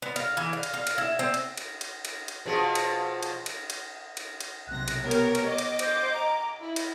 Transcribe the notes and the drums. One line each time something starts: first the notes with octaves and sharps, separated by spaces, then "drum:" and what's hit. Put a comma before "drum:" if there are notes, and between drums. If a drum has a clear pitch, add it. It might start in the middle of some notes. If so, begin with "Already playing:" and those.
B3
F5, drum: cymbal
E3
F5
drum: cymbal
F5
drum: cymbal
E4
C4
drum: cymbal
drum: cymbal
drum: cymbal
drum: cymbal
drum: cymbal
B2 F3 G#4
drum: cymbal
drum: cymbal
drum: cymbal
drum: cymbal
drum: cymbal
drum: cymbal
B1 C3 F#6 A#6
drum: cymbal
B3 G4 A#4 C#5
drum: cymbal
drum: cymbal
D#5 D6
drum: cymbal
C5, drum: cymbal
A#5
E4 B5
drum: cymbal